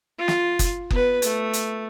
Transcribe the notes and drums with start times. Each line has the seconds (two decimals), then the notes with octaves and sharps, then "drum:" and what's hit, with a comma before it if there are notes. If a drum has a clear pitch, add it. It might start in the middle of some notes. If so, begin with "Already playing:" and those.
0.19 F4
0.28 drum: snare
0.59 drum: kick F#1, hi-hat
0.91 B3 B4, drum: kick F#1
1.22 A3, drum: hi-hat
1.54 drum: hi-hat